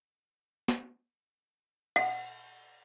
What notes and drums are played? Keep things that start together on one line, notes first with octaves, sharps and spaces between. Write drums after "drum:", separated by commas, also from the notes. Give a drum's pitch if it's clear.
drum: snare
F#5, drum: cymbal